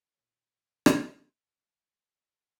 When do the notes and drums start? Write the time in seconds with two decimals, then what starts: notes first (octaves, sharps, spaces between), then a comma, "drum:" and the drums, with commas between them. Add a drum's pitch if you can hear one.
0.15 A#2 D#3 C5 C#5
0.86 drum: rim click